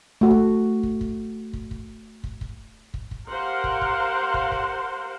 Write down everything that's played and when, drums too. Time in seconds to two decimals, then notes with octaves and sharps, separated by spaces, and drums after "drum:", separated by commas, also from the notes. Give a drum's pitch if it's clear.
0.21 A3 F#4
0.31 drum: kick
0.83 drum: kick
1.01 drum: kick
1.53 drum: kick
1.71 drum: kick
2.24 drum: kick
2.41 drum: kick
2.94 drum: kick
3.11 drum: kick
3.29 G4 A#4 C5 F5 F#5 C6
3.64 drum: kick
3.81 drum: kick
4.34 drum: kick
4.52 drum: kick